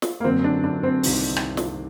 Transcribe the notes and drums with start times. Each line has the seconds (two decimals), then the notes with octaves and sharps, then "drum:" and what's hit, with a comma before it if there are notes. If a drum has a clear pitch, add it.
0.02 drum: snare
0.20 A#3
0.24 F#2 D3 F#3 C4
0.44 D4
0.64 D4
0.83 C4
1.03 C2 C3 D#3, drum: open hi-hat
1.36 drum: rim click
1.57 drum: snare